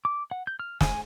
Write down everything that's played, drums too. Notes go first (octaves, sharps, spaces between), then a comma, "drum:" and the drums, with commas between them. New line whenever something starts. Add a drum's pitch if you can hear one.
D6
F#5
G6
F6
G#5, drum: snare